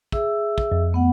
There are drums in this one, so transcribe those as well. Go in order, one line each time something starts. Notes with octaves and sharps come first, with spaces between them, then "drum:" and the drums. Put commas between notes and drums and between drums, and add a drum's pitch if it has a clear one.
G#4 E5 E6, drum: kick
drum: kick
F2
A3 B3 F#5